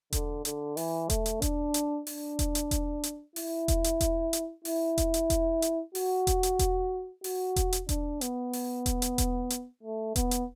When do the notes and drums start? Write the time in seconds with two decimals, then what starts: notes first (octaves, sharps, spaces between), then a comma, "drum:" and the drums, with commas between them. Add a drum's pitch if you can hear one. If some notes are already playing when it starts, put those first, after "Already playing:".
0.12 D3, drum: kick E1, hi-hat
0.45 D3, drum: hi-hat
0.77 E3, drum: open hi-hat
1.10 A3, drum: kick E1, hi-hat
1.26 drum: hi-hat
1.42 D4, drum: kick E1, hi-hat
1.74 drum: hi-hat
2.07 D4, drum: open hi-hat
2.39 drum: kick E1, hi-hat
2.55 drum: hi-hat
2.71 drum: kick E1, hi-hat
3.03 drum: hi-hat
3.36 E4, drum: open hi-hat
3.68 drum: kick E1, hi-hat
3.84 drum: hi-hat
4.01 drum: kick E1, hi-hat
4.33 drum: hi-hat
4.65 E4, drum: open hi-hat
4.98 drum: kick E1, hi-hat
5.14 drum: hi-hat
5.30 drum: kick E1, hi-hat
5.62 drum: hi-hat
5.95 F#4, drum: open hi-hat
6.27 drum: kick E1, hi-hat
6.43 drum: hi-hat
6.59 drum: kick E1, hi-hat
7.24 F#4, drum: open hi-hat
7.56 drum: kick E1, hi-hat
7.73 drum: hi-hat
7.89 D4, drum: kick E1, hi-hat
8.21 B3, drum: hi-hat
8.53 drum: open hi-hat
8.86 drum: kick E1, hi-hat
9.02 drum: hi-hat
9.18 drum: kick E1, hi-hat
9.50 drum: hi-hat
9.83 A3
10.16 B3, drum: kick E1, hi-hat
10.31 drum: hi-hat